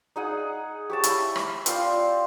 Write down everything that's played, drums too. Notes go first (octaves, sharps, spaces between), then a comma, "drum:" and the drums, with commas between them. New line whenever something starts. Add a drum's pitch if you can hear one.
D#4 G#4 F#5
G4 C#5 A5
E4, drum: hi-hat
drum: rim click
C4 F4 D5 F5, drum: hi-hat